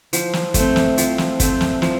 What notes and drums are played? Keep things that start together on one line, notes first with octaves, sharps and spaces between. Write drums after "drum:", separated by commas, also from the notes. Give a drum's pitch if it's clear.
F3, drum: hi-hat
drum: snare
A3, drum: kick, hi-hat
C4
drum: snare
F3, drum: hi-hat
drum: snare
A3 C4, drum: kick, hi-hat
drum: snare
F3, drum: snare